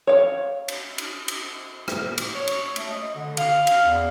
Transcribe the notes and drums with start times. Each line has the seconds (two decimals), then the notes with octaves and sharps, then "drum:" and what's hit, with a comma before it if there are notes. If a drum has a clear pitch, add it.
0.07 C#5 F5
0.68 drum: cymbal
0.98 drum: cymbal
1.28 drum: cymbal
1.88 drum: rim click
2.18 drum: cymbal
2.34 C#5
2.48 drum: cymbal
2.76 A3, drum: cymbal
2.90 D#5
3.15 D3
3.37 F5, drum: cymbal
3.67 drum: cymbal
3.86 E2